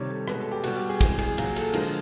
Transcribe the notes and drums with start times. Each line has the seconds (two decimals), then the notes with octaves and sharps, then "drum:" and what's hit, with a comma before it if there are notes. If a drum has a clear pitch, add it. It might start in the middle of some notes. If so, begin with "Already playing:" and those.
Already playing: C3 D#3 G3 C#5
0.09 A4
0.28 B2 G#3 B4, drum: rim click
0.40 A4
0.51 G4
0.64 B2 G3 F#4, drum: cymbal
0.76 G4
0.89 G#4
1.01 C3 E3 G#3 G#4, drum: kick, cymbal
1.18 G#4, drum: cymbal
1.38 A#2 F#3 G#4, drum: cymbal
1.56 A4, drum: cymbal
1.73 D3 F3 G#3 A#4, drum: cymbal